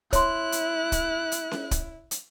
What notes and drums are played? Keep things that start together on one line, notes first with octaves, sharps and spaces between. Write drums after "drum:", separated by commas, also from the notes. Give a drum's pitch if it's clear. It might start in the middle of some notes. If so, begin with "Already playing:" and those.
E4 C#5 C6 F#6, drum: kick, hi-hat
drum: hi-hat
drum: kick, hi-hat
drum: hi-hat
drum: snare C#4
drum: kick, hi-hat
drum: hi-hat